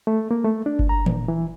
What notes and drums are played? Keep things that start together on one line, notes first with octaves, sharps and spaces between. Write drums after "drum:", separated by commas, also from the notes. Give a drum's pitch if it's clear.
A3
A#3
A3
D4
drum: kick G1
A#5
A#2, drum: tom D#3
E3